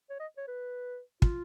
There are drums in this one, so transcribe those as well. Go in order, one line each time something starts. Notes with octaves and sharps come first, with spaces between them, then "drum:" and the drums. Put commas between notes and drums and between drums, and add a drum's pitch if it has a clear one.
C#5
D#5
C#5
B4
F4, drum: kick